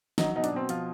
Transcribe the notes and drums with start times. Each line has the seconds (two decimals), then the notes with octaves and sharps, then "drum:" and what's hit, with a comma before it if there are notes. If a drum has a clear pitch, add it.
0.18 F#3 D#4, drum: snare
0.36 B2 D#4
0.44 D4, drum: hi-hat
0.52 B2 C4
0.69 F3 F4, drum: hi-hat